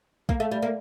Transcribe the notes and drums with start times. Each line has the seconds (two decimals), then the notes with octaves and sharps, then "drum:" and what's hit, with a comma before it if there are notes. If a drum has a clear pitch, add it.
0.29 A#3, drum: kick
0.40 A3
0.51 G3
0.62 A#3